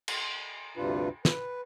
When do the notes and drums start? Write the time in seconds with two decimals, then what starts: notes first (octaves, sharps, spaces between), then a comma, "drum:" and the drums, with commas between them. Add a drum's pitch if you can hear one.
0.08 drum: cymbal
0.77 D2 G2 C3 D4 F4 B4
1.25 B4, drum: snare